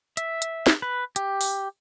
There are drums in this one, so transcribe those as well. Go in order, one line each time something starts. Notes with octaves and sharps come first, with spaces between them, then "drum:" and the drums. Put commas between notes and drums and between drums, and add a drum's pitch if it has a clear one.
E5, drum: hi-hat
drum: hi-hat
drum: snare
B4
G4, drum: hi-hat
drum: open hi-hat